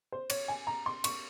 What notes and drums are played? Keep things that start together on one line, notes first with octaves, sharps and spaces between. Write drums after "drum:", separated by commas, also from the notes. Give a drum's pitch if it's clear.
C5
C#5, drum: cymbal
G#5
A#5
C6
C#6, drum: cymbal